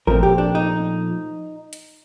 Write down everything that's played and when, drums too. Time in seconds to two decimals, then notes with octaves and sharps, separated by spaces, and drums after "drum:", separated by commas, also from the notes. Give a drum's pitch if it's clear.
0.07 A#2 F3 A3 C4 A#4, drum: kick G#1
0.23 G4
0.38 D4
0.55 D#4
1.73 drum: hi-hat